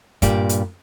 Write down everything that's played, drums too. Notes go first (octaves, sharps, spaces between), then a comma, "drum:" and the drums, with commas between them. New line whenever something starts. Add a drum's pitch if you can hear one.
G2 A#2 G3 G4 D5, drum: kick, hi-hat
drum: hi-hat